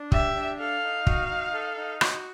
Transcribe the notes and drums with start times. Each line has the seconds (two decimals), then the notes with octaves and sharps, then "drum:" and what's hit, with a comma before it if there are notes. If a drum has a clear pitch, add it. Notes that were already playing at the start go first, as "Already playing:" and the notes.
Already playing: D4
0.12 G4 E5, drum: kick
0.35 D4
0.59 A4 F5
0.83 D#4
1.07 F#4, drum: kick
1.30 D#4
1.53 A4
1.77 D#4
2.01 F#4, drum: rim click